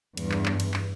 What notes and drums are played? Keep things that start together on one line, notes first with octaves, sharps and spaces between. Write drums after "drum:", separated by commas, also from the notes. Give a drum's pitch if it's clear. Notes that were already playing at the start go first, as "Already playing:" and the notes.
E2 G2, drum: cymbal
drum: clap
drum: clap
drum: cymbal
drum: clap